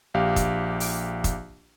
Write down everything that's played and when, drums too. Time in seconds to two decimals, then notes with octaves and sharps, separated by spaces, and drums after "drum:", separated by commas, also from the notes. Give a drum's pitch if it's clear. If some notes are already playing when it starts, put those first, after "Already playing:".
0.14 A#1 G4 F5
0.36 drum: kick, hi-hat
0.80 drum: open hi-hat
1.24 drum: kick, hi-hat